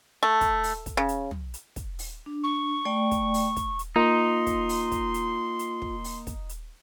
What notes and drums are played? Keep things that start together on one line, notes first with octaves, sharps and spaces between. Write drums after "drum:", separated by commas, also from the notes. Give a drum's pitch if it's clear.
A3
drum: kick, hi-hat
drum: open hi-hat
drum: kick, hi-hat
C#3
drum: hi-hat
drum: tom
drum: hi-hat
drum: kick, hi-hat
drum: open hi-hat
D4
C#6
A3 D5 G5
drum: kick, hi-hat
drum: open hi-hat
drum: kick, hi-hat
drum: hi-hat
A#3 D#4 F4 C6
drum: kick, hi-hat
drum: open hi-hat
drum: kick, hi-hat
drum: hi-hat
drum: hi-hat
drum: kick
drum: open hi-hat
drum: kick, hi-hat
drum: hi-hat